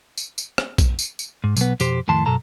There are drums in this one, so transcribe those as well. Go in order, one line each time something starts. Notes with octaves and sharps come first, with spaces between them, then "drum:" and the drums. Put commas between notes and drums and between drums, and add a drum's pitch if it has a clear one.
drum: tambourine
drum: tambourine
drum: rim click
drum: kick A#1, tambourine
drum: tambourine
drum: tambourine
G#2
B1 B3, drum: tambourine
F2 B2 G4 C5, drum: tambourine
F2 A2 D#3 A5 C6
F#2 B2 A4 A5 A#5